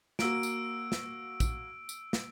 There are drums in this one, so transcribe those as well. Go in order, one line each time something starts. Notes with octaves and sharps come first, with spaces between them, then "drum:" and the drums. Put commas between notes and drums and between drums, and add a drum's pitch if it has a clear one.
A#3 F#4 E6 D7, drum: snare
drum: tambourine
drum: snare
drum: kick, tambourine
drum: tambourine
drum: snare